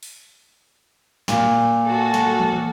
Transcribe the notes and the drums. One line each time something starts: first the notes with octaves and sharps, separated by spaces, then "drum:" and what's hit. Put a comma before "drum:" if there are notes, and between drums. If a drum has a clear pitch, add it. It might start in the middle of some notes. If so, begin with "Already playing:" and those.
drum: open hi-hat
A#2, drum: snare
F#4 A4
drum: snare
drum: tom E3